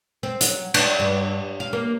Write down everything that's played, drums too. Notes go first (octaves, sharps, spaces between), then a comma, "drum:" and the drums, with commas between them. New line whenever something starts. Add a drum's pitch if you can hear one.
C4
F#3, drum: hi-hat
D4, drum: cymbal
G2
F5
A#3